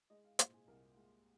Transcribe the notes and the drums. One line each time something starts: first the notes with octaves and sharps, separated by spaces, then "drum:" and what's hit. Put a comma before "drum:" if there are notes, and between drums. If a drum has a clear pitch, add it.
G#3 D#5
F5
A#2 C5, drum: hi-hat
G#4
C2 A#4
G#3